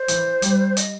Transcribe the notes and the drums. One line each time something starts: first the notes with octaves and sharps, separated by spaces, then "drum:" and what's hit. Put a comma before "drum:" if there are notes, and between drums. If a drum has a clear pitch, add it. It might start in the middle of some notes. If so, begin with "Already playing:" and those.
Already playing: C5
E3, drum: hi-hat
G3, drum: hi-hat
D#5, drum: hi-hat